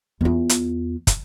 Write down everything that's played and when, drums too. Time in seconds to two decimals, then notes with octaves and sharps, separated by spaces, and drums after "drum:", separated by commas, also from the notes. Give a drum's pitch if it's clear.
0.21 E2 F4
0.49 drum: hi-hat
1.07 drum: kick, hi-hat